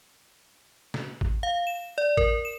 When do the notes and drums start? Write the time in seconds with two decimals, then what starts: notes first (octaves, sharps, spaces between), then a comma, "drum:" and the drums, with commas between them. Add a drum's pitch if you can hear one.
0.94 drum: snare
1.21 drum: kick
1.43 F5
1.67 E7
1.98 D5
2.17 A#4, drum: kick
2.45 E7